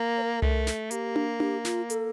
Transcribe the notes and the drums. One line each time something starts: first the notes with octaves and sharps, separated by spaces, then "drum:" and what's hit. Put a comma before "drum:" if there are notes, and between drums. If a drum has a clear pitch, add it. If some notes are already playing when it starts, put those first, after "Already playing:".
Already playing: A#3
C#5
A#4
A3, drum: tom C2
drum: snare
A#3 G4, drum: hi-hat
drum: tom D4
G4, drum: tom D4
F4, drum: snare
A4, drum: hi-hat